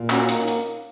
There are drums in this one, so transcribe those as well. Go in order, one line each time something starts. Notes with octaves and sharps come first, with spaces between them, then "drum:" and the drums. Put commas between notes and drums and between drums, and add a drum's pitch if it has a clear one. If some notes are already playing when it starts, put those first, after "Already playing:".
Already playing: A#2
A#3 C#4 F#4, drum: clap
C#4
D#4, drum: hi-hat
C#4
drum: hi-hat